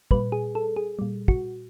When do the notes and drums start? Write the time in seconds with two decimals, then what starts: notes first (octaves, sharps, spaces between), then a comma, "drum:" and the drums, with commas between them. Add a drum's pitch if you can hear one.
0.11 A#2 G3 B4, drum: kick
0.32 G#4
0.55 A4
0.76 G#4
0.99 A#2 G3
1.28 F#4, drum: kick